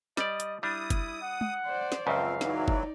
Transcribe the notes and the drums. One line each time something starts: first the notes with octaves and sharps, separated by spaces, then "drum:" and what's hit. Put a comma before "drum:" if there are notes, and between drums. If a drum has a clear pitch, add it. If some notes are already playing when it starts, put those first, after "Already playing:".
G3 D5 D#5, drum: snare
drum: hi-hat
G3 D4 E4 D#6
drum: kick, hi-hat
F#5
drum: tom
C5 D5
drum: snare
C#2 F#2 C#3 F3 C4 F5
E3 F#3 D#4 D5, drum: snare
drum: kick